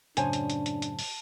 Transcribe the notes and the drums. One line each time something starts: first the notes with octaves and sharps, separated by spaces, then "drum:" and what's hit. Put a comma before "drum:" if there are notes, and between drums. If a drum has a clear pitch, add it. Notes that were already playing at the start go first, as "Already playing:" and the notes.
F#2 A2 C#3 D4 C5 C#5 G#5 A5, drum: hi-hat
drum: hi-hat
drum: hi-hat
drum: hi-hat
drum: hi-hat
drum: open hi-hat